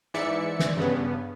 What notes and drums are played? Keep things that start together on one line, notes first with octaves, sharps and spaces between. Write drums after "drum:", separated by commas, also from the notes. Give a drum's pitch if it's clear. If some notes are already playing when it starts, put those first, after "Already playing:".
G#2 E3 D5 E5 C#7
drum: snare
G2 C#3 B3